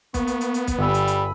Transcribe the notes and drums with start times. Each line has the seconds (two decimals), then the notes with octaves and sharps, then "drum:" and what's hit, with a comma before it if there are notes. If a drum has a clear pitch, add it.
0.14 A#3 B3 C#6, drum: kick B1, hi-hat
0.27 drum: hi-hat
0.41 drum: hi-hat
0.54 drum: hi-hat
0.67 drum: kick B1, hi-hat
0.79 G1 G3 G#5 B5 E6
0.94 drum: hi-hat
1.07 drum: hi-hat